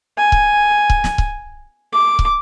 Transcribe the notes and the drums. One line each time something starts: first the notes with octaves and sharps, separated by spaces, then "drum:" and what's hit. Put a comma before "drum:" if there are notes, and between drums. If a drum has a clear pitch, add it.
G#5
drum: kick C#1
drum: kick C#1
drum: snare
drum: kick C#1
D6
drum: kick C#1